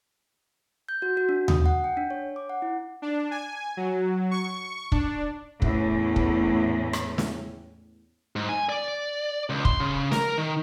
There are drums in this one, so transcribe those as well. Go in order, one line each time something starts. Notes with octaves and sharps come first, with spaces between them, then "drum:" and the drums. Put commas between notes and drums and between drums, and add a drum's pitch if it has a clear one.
G6
F#4
F#4
D4
D#6, drum: tom D#2
F#5
G5
D4
C#5
D6
F#5
E4
D4
G#5
F#3
C#6
D4, drum: kick
E2 A2 C#4, drum: kick
drum: kick
drum: rim click
drum: snare
G#2
G#5
D5
C#2
C6, drum: kick
C#3
A#4, drum: snare
D#3